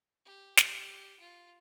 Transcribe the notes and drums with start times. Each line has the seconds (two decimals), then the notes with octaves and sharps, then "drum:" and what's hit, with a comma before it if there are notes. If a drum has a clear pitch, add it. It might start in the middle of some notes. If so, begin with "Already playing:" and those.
0.26 G4
0.57 G4, drum: snare
1.20 F4